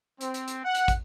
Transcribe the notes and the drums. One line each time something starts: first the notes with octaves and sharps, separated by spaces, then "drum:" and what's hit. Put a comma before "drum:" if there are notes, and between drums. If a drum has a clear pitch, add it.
C4, drum: hi-hat
drum: hi-hat
drum: hi-hat
F#5
drum: hi-hat
drum: kick, hi-hat